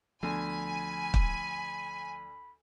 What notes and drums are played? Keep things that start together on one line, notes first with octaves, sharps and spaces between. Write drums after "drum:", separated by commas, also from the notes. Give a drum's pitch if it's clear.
D2 F3 B3 D4 G#5 B5
drum: kick